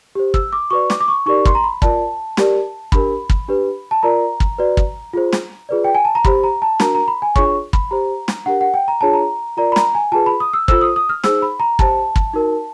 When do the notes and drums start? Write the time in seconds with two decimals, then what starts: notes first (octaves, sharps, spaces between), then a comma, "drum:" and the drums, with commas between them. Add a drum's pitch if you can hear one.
0.15 G4 C5
0.34 E6, drum: kick
0.53 D6
0.70 F#4 B4 D5 C#6
0.90 D6, drum: snare
1.00 D6
1.08 C#6
1.26 D#4 G4 A#4 D5 C#6
1.45 C6, drum: kick
1.55 A#5
1.64 B5
1.82 F4 A#4 D5 A5, drum: kick
2.37 G4 A#4 D5, drum: snare
2.92 D4 G4 A#4 B5, drum: kick
3.30 drum: kick
3.48 D4 G4 B4
3.91 A5
4.03 F4 A#4 D5 A#5
4.40 drum: kick
4.58 F#4 B4 D5
4.77 drum: kick
5.14 F4 G#4 C5
5.33 drum: snare
5.69 F4 G#4 B4 D5
5.84 G5
5.95 G#5
6.05 A5
6.15 A#5
6.25 G4 C5 B5, drum: kick
6.43 A#5
6.62 A5
6.80 D4 F#4 A#4 A#5, drum: snare
6.95 A#5
7.08 B5
7.22 G#5
7.36 D4 F4 G#4 C#5 C#6, drum: kick
7.73 B5, drum: kick
7.91 G4 C5 A#5
8.28 drum: snare
8.46 D4 G4 A#4 F#5
8.61 F#5
8.74 G5
8.88 A#5
9.01 D4 F4 G#4 C#5 A5
9.13 A#5
9.57 F4 A#4 D5 A#5
9.72 B5
9.76 A#5, drum: snare
9.95 G#5
10.12 F4 G#4 B4 A5
10.26 B5
10.40 D#6
10.53 E6
10.68 F4 A4 C5 E6, drum: kick
10.81 D#6
10.96 D#6
11.09 F6
11.24 D#4 G#4 C5 E6, drum: snare
11.42 B5
11.60 A#5
11.79 G4 C5 A5, drum: kick
12.16 drum: kick
12.34 D#4 F#4 A#4